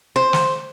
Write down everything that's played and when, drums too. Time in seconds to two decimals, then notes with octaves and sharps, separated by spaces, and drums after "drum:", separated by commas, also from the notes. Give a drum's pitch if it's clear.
0.16 C5
0.33 drum: snare